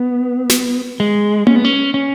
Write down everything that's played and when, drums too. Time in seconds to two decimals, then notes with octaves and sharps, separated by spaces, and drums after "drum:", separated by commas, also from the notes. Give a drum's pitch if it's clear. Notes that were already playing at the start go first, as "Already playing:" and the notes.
Already playing: B3
0.49 drum: snare
1.00 G#3
1.47 C#4, drum: tom A#3
1.55 B3
1.65 C#4
1.94 C#4